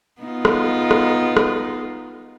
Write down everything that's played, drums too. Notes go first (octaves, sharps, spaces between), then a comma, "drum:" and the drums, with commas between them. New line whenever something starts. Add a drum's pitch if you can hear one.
B3 D#4 F4
drum: rim click
drum: rim click
drum: rim click